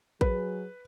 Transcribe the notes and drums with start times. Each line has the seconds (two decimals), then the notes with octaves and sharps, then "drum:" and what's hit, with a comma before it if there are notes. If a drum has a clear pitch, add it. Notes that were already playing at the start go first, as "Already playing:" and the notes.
0.21 F#3 G#4 B4, drum: kick A1